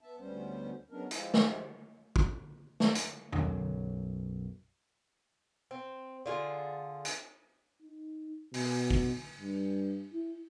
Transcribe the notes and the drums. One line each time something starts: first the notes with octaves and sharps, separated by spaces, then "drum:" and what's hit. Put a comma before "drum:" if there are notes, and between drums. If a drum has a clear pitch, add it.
B3 E5 A5
D2 G3 B3 C#4 C5
F#3 G#3 B3 C#4 D4 A#4
F3 G#3 E4 F4 G4, drum: hi-hat
drum: snare
drum: kick
drum: snare
drum: hi-hat
B1 F#2, drum: tom E2
C4
D3 F4 G#4
drum: hi-hat
D#4
B2, drum: open hi-hat
drum: kick
G2
E4